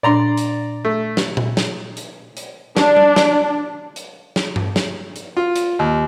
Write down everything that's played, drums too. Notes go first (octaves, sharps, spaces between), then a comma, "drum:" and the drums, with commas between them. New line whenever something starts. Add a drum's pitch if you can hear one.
A#2 D4 D5 A#5 C6
drum: hi-hat
A3
drum: snare
drum: tom A#2
drum: snare
drum: hi-hat
drum: hi-hat
D4, drum: snare
drum: tom G3
drum: snare
drum: hi-hat
drum: snare
drum: tom G2
drum: snare
drum: hi-hat
F4
drum: hi-hat
D#2